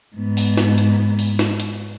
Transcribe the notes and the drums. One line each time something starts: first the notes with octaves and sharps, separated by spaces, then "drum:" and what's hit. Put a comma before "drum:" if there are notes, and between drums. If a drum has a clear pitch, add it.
G#2 B3
drum: open hi-hat
drum: snare
drum: hi-hat
drum: open hi-hat
drum: snare
drum: hi-hat